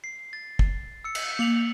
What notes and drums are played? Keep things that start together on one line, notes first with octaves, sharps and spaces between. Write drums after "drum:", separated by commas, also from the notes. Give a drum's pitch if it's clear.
C7
A6
drum: kick
E6 C#7
drum: cymbal
A#3 C#7 F7 F#7